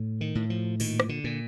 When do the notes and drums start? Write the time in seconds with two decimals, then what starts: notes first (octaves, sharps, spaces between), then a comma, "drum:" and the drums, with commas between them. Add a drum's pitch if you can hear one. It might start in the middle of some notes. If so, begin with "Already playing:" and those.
Already playing: A2
0.21 D#3
0.35 A2
0.50 F3
0.80 A#2 D#3, drum: open hi-hat
1.00 drum: rim click
1.09 D3
1.24 A#2